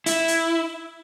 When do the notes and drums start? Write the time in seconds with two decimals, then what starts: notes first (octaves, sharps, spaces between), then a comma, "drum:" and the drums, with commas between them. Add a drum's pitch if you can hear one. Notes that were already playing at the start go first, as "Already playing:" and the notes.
0.06 E4, drum: hi-hat
0.28 drum: hi-hat